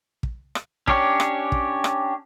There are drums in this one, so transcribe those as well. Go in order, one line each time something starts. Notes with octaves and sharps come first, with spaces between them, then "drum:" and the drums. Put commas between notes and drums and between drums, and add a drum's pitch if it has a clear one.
drum: kick
drum: rim click
C#4 D4 G4 C#5, drum: kick
drum: rim click
drum: kick
drum: rim click